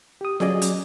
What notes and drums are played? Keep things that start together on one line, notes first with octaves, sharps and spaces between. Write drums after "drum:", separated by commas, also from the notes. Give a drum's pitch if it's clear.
G4 D#6
F#3 C#4 G#4 D5 D#5, drum: snare F4
drum: hi-hat